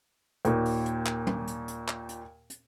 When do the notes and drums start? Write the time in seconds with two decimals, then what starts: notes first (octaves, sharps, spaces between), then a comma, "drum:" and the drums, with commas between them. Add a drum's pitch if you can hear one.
0.45 D#2 A#2, drum: hi-hat
0.65 drum: open hi-hat
0.86 drum: hi-hat
1.06 drum: clap
1.27 drum: tom
1.47 drum: hi-hat
1.68 drum: hi-hat
1.88 drum: clap
2.09 drum: hi-hat
2.50 drum: hi-hat